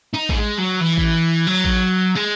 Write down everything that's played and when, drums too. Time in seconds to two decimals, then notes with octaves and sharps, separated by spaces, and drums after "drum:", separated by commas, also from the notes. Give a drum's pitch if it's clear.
0.14 D#4
0.29 A3, drum: kick A1
0.35 G#3
0.58 F#3
0.80 E3
0.97 drum: kick A1
1.47 F#3
1.65 drum: kick A1
2.15 G#3